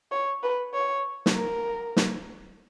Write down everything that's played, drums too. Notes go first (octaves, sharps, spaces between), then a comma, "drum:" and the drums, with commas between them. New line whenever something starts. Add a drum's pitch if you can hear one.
C#5
B4
C#5
drum: snare
A#4
drum: snare